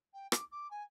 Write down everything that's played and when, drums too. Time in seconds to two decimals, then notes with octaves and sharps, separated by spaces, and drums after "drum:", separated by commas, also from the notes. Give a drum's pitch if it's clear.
0.13 G5
0.32 D6, drum: rim click
0.51 D6
0.70 G#5